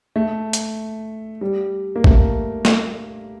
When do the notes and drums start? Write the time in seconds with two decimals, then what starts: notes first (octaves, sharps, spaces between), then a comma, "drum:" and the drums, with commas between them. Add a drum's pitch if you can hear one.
0.16 A3
0.53 drum: hi-hat
1.41 G3
1.96 A#3
2.04 A3, drum: kick
2.65 drum: snare